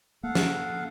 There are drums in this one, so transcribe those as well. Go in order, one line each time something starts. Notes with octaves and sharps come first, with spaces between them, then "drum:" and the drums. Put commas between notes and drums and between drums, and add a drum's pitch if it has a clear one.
A#3 A4 F5 F#5
drum: snare